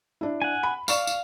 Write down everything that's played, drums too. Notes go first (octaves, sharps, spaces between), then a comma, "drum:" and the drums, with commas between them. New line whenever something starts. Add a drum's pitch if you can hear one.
D4 E4
F#5 G#5
B5
D5 F5 C#6 E7, drum: tambourine
drum: tambourine